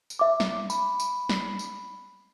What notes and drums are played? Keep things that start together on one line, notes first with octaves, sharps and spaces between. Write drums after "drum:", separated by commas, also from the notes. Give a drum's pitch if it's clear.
drum: tambourine
E5 D6
drum: snare
B5, drum: tambourine
drum: tambourine
drum: snare
drum: tambourine